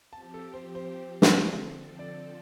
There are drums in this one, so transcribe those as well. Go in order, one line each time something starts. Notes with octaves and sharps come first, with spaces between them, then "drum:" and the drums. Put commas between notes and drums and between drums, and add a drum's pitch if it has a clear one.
F3 C4 G4 A5
A4
C5
C5
drum: snare
D3 F3 C4 A4
D5